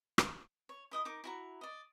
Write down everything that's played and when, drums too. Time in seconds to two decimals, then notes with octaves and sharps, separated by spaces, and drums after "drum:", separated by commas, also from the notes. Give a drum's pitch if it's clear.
0.18 drum: rim click
0.69 C#5
0.91 E4 D#5 F#5 D#6
1.05 D#4 A#4 D6
1.24 E4 F#4 A#5
1.61 D5 D#5